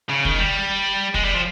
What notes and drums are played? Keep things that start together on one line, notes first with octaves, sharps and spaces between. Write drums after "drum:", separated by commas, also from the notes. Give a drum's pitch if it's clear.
C#3
D#3, drum: kick
G3
G#3, drum: kick
G3
F3